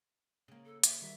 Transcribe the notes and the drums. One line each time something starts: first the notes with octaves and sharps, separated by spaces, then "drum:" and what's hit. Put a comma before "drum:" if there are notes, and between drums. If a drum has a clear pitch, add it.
C#3 A#3
A4
E5, drum: hi-hat
D#3 G3 E5